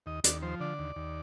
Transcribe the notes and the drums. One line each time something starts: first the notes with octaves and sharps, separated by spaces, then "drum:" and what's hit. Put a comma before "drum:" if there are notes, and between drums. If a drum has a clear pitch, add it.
D#2 D#5
D#2 D5, drum: hi-hat
F3 C5
D3 D5
D#2
D#2